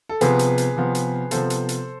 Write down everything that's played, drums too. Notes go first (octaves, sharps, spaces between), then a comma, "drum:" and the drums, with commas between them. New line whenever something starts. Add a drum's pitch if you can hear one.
A4
C3 F3 B3 G#4 B4, drum: hi-hat
drum: hi-hat
drum: hi-hat
C3 F3 B3
drum: hi-hat
C3 F3 B3 A4 C5, drum: hi-hat
drum: hi-hat
drum: hi-hat